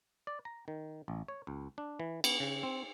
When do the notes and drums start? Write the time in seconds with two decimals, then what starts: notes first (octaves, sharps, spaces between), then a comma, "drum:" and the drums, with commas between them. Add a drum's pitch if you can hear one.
0.27 D5
0.45 A#5
0.68 D#3
1.08 A1
1.28 C#5
1.47 C#2
1.78 D4
2.00 E3
2.24 B3, drum: cymbal
2.40 C#3
2.63 C4